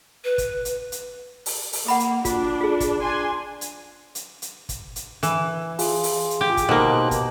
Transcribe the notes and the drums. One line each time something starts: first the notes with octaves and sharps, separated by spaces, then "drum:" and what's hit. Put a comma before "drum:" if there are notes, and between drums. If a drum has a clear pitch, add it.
B4
drum: kick, hi-hat
drum: hi-hat
drum: hi-hat
drum: open hi-hat
drum: open hi-hat
A#3 F#5 B5 D6
drum: hi-hat
D4 F4, drum: kick, hi-hat
F4 G#4
drum: kick, hi-hat
D4 G#5 C6
drum: hi-hat
drum: hi-hat
drum: hi-hat
drum: kick, hi-hat
drum: hi-hat
E3, drum: hi-hat
F4 G#4, drum: open hi-hat
drum: open hi-hat
drum: hi-hat
G4
drum: kick, hi-hat
B2 A#3 D#4 C5 F#6
drum: kick, hi-hat